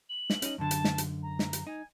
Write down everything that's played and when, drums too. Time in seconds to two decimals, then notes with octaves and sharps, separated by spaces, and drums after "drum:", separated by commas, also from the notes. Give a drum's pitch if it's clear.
0.09 F#7
0.30 drum: snare
0.42 C#4 D#4, drum: hi-hat
0.58 F#2 D3 A5
0.71 drum: hi-hat
0.84 drum: snare
0.98 drum: hi-hat
1.22 A#5
1.39 drum: snare
1.53 drum: hi-hat
1.67 D#4 G#5